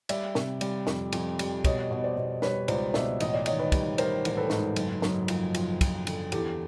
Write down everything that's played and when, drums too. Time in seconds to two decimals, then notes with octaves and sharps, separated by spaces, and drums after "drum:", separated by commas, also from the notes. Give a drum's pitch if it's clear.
0.09 G3 D5 E5, drum: cymbal
0.35 C3, drum: snare
0.61 G3, drum: cymbal
0.87 F2, drum: snare
1.12 F2, drum: cymbal
1.39 G3, drum: cymbal
1.64 B2 C#5 D#5, drum: kick, cymbal
1.91 B2
2.04 C5 D5
2.16 B2
2.42 G3 B4 C#5, drum: snare
2.68 C#2 C5 D5, drum: cymbal
2.94 B2 D5 E5, drum: snare
3.20 A1 D#5, drum: cymbal
3.34 D5
3.46 D#3 C#5 D#5, drum: cymbal
3.59 B4 C#5
3.72 G3, drum: kick, cymbal
3.98 G3 A#4 C5, drum: cymbal
4.25 A1, drum: cymbal
4.37 A4 B4
4.50 G#2, drum: snare
4.76 F#1, drum: cymbal
5.02 F#2, drum: snare
5.28 F3, drum: cymbal
5.55 F3, drum: cymbal
5.81 F3, drum: kick, cymbal
6.07 D3, drum: cymbal
6.32 E2 G4 A4, drum: cymbal